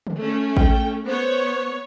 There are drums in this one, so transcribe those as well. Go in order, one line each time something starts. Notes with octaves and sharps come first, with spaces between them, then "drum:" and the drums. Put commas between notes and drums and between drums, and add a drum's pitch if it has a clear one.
drum: tom D3
A3 C#4
G5, drum: kick A1
B3 C5 C#5